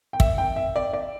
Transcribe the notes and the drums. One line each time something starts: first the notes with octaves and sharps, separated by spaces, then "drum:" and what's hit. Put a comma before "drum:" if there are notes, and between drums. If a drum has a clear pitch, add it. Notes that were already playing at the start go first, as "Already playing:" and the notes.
G5
E5, drum: kick
G5
E5
D5
D5